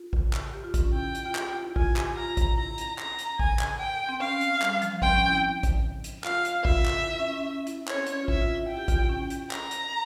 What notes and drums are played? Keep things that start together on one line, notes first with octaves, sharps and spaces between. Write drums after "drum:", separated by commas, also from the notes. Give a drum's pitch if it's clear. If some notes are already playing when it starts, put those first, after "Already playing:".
Already playing: F4
drum: kick A1
drum: clap
G4
F4
F4, drum: kick A1, hi-hat
C#4
E4 G5
drum: hi-hat
F4
G4, drum: clap
F4
E4
F4 G#5, drum: kick A1
G4, drum: clap
F4 A#5
drum: kick A1, hi-hat
E4 A#5
drum: hi-hat
A#5, drum: clap
drum: hi-hat
G#5, drum: kick A1
drum: clap
G5
C4
C#4 F5
drum: hi-hat
G3, drum: clap
F3, drum: hi-hat
F3
C4 G5, drum: kick A1
C#4
E4
drum: kick A1, hi-hat
drum: hi-hat
F4 F5, drum: clap
drum: hi-hat
F4 E5, drum: kick A1
drum: clap
E4
C#4
C#4
C#4
E4, drum: hi-hat
C#4 C#5, drum: clap
C4
C#4, drum: hi-hat
F4
E4 E5, drum: kick A1
F4
E4
G5
G4
F4, drum: kick A1, hi-hat
E4
C#4
drum: hi-hat
A#5, drum: clap
drum: hi-hat